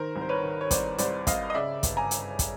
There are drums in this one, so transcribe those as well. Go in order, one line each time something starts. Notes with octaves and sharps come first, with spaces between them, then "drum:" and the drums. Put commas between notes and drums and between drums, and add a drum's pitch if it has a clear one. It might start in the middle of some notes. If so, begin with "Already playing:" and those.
Already playing: D#3 A#4 C5
C2
C5
B4 C#5
D#3
C#5
C2 C5 D5, drum: kick, hi-hat
C2 C5 D5, drum: hi-hat
C2 D#5 F5, drum: kick, hi-hat
D#5
C#3 D5 E5
G1, drum: kick, hi-hat
G#5 A#5
drum: hi-hat
drum: kick, hi-hat